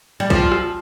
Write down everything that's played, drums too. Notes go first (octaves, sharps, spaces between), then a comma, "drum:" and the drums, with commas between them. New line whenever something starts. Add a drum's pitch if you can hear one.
G3
F3, drum: kick
drum: rim click